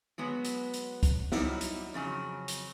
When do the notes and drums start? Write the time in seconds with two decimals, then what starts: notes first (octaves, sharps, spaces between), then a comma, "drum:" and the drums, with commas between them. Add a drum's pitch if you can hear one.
0.18 F#3 G#3 B3
0.45 drum: hi-hat
0.74 drum: hi-hat
1.03 drum: kick, hi-hat
1.32 F#3 G3 D#4 E4, drum: snare
1.61 drum: hi-hat
1.94 F2 C#3 F#3
2.48 drum: hi-hat